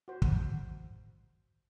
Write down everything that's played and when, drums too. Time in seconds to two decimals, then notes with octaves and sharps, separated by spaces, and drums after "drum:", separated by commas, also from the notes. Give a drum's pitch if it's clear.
0.08 F#4 C5
0.22 drum: kick